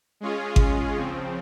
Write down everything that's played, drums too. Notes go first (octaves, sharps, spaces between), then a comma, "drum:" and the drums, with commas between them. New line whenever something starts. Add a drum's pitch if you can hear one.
G#3 C#4 F4 G#4
drum: kick G#1
C#3 F3 C4